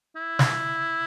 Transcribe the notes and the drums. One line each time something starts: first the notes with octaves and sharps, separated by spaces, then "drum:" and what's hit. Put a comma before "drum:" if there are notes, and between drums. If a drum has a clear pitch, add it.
E4
drum: snare